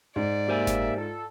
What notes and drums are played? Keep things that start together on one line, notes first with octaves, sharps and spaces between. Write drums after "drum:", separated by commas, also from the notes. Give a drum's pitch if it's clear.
G#2 D5
A#3 G4 C5 E5 G#5
drum: snare F#1
F4 A4